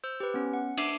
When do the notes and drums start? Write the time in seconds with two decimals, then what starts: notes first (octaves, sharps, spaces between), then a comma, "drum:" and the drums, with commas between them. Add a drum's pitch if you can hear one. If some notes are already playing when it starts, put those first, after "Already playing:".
0.04 C5 E6 G6
0.20 G4 B4
0.34 B3 C#4
0.53 F#5
0.77 D4 E5 D6 C7, drum: cymbal